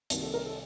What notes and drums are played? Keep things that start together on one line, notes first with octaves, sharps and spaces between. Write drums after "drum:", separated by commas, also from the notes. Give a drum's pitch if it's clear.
C2 C3 D#3 A#3 F#4, drum: hi-hat
A4
A#4
A4